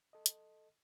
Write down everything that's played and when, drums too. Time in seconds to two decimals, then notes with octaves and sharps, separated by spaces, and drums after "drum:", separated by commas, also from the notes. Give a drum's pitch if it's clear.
0.13 A4 D#5
0.26 drum: hi-hat